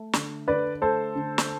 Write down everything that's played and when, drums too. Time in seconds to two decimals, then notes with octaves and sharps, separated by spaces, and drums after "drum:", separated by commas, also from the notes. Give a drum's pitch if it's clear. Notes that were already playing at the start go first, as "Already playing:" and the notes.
Already playing: A3
0.13 D3, drum: snare
0.48 D3 B4 D5
0.81 A3 A4 C5
1.16 D3
1.38 drum: snare